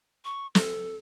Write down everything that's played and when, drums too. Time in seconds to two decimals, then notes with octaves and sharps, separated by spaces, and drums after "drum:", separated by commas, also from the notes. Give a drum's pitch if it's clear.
0.25 C#6
0.55 A4, drum: snare